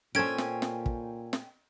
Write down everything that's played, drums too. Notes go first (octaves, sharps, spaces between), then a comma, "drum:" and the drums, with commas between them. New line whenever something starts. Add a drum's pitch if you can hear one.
A#2 C#4 A4 C5 G5 G#5 G#6 D7
drum: snare
drum: snare
drum: kick
drum: snare